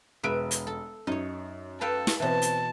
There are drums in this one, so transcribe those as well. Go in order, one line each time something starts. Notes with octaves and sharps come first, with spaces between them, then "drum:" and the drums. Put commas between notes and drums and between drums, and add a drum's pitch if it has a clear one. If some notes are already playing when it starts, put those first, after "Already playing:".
E1 B4 E5 F5 D7
drum: hi-hat
A4
F#2 D#4 C#5
A4 B4 F5 G5
drum: snare
B2 E3 C4 E5 A5
drum: hi-hat